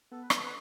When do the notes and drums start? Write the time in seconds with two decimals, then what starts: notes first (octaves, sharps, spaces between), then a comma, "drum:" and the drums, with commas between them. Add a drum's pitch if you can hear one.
0.11 B3 A4
0.22 B4
0.30 B3 A4, drum: rim click
0.43 B4